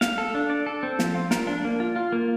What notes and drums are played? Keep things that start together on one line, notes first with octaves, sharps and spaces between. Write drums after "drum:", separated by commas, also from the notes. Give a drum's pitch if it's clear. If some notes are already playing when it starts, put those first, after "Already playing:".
F5, drum: snare
A4
D4
D5
A4
C4
F3, drum: snare
F4
A#4, drum: snare
D4
A#3
F4
F4
A#3